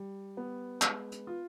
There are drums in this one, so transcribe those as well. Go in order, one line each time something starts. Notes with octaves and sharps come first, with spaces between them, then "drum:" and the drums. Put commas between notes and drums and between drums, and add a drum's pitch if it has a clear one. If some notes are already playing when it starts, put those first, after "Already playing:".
Already playing: G3
B3
G#3, drum: clap
drum: hi-hat
F4